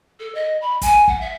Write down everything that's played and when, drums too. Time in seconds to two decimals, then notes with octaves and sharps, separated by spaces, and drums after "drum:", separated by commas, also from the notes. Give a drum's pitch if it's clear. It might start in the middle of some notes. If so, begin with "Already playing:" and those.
0.19 A4
0.34 D#5
0.61 B5
0.82 G#5, drum: kick, hi-hat
1.08 F#5, drum: kick
1.20 E5